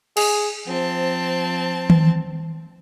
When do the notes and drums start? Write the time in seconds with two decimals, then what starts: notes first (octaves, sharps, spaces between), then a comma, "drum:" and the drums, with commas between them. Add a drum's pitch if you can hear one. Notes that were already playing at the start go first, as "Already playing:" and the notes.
0.17 G#4, drum: cymbal
0.68 F3 C4 A5
1.90 drum: tom D#3